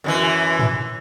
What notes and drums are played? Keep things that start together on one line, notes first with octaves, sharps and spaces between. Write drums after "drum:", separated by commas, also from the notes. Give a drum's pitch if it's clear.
F#2 D3 E3
drum: tom